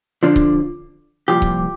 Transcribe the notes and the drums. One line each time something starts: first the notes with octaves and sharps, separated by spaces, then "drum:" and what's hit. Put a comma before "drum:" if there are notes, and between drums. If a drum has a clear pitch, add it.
F2 D3 F3 D4
drum: kick C#1
C2 A#2 F3 G4
drum: kick C#1